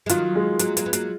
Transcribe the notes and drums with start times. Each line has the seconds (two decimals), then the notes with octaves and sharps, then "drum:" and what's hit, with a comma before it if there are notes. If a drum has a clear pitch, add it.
0.06 G#3
0.09 D#3 F#3 F4, drum: hi-hat
0.35 G#3
0.59 F#3 A#3, drum: hi-hat
0.77 F#3 A#3, drum: hi-hat
0.86 B3
0.93 F#3 A#3, drum: hi-hat